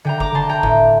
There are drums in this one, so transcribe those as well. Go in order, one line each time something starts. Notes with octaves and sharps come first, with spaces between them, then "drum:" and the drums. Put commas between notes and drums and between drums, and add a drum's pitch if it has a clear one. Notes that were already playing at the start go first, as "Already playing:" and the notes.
D3 G5 A#5
A#5 D6, drum: kick F1
D3 A5 C6
G5 A#5
A2, drum: kick F1